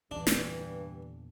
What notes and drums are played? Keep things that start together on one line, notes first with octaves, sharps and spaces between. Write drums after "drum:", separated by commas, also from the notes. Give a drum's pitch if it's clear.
E2 G2 A#2 D3 E3 D4
drum: snare